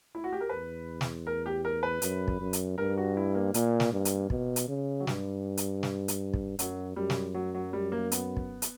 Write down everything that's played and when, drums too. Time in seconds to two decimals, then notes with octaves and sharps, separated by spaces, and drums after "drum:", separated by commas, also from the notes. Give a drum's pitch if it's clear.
0.15 E4
0.24 F#4
0.33 G4
0.40 A#4
0.49 E2 B4
1.01 drum: snare
1.27 A#4
1.46 G4
1.65 A#4
1.83 B4
2.02 F#2, drum: hi-hat
2.28 drum: kick
2.41 F#2
2.53 drum: hi-hat
2.78 G2 A#4
2.97 F#4
3.17 E4
3.35 A#3
3.54 A#2 A#3, drum: hi-hat
3.80 drum: snare
3.93 G2
4.05 drum: hi-hat
4.30 B2, drum: kick
4.56 drum: hi-hat
4.68 C#3
5.00 F#3
5.07 G2 G3, drum: snare
5.57 drum: hi-hat
5.83 drum: snare
6.08 drum: hi-hat
6.34 drum: kick
6.59 F#2 F#3, drum: hi-hat
6.96 F#2 G3
7.10 drum: snare
7.34 F#3
7.54 F#3
7.73 G3
7.92 A#3
8.12 B3, drum: hi-hat
8.37 drum: kick
8.62 drum: hi-hat